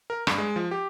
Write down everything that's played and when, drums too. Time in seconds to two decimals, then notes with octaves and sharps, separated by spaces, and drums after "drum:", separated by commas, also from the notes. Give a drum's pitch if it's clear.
0.10 A#4
0.27 G2, drum: rim click
0.38 G#3
0.56 F3
0.71 G4